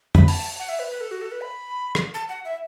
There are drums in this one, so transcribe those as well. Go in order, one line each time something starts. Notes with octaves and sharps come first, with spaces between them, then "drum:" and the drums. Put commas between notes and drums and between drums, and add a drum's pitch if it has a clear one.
B5, drum: tom
A5, drum: open hi-hat
F#5
E5
B4
B4
A4
F#4
A4
B4
B5
drum: rim click
A5
F#5
E5